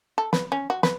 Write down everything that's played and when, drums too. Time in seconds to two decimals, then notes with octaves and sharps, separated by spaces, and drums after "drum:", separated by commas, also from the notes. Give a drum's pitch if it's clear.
0.18 A4
0.33 B4, drum: snare
0.52 C#4
0.70 F#4
0.83 B4, drum: snare